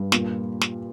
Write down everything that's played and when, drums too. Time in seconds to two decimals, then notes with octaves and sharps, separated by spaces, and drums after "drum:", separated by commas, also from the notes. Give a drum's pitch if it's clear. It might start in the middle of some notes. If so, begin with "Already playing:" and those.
Already playing: G2
0.12 A#2 F4, drum: snare
0.62 drum: snare